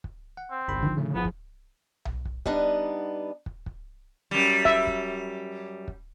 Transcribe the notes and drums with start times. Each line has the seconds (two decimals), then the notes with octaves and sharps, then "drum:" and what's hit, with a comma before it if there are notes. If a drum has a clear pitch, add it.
0.04 drum: kick
0.37 F#5
0.51 C4
0.68 G1 C2 B5
0.83 D3 D#3 F3
0.97 A2 C#3 A3
1.15 G1 F3 B3 E4 G#4
1.25 drum: kick
2.05 drum: tom B1
2.25 drum: kick
2.46 G3 B3 D4 D#4, drum: kick
3.46 drum: kick
3.66 drum: kick
4.31 F#2 G3
4.65 E5, drum: kick
4.87 drum: kick
5.88 drum: kick